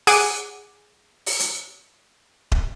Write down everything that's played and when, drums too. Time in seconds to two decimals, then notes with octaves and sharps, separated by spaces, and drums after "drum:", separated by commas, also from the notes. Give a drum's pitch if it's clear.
0.07 G#4 F#5 D6 D#7, drum: open hi-hat
1.26 drum: open hi-hat
1.40 drum: hi-hat
2.52 drum: kick D#1